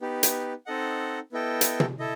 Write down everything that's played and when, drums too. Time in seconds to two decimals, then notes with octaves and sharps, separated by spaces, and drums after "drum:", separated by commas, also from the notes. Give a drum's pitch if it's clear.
0.01 B3 D#4 G4 B4
0.23 drum: hi-hat
0.66 C4 D#4 A4 D#5 F#5
1.32 B3 E4 A4 D#5 G5
1.61 drum: hi-hat
1.80 drum: tom
1.99 E4 A4 D#5